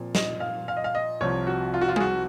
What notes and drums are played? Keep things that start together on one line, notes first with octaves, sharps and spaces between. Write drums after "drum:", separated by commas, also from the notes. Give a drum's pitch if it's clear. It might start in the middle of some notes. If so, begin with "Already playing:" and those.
Already playing: A#2 F3 C4
D#5, drum: snare
F5
F5
D#5
F5
D#5
C2 C3 F3 C4 C#5
F#4
F4
F#4
F4
G#4, drum: tom G3
F#4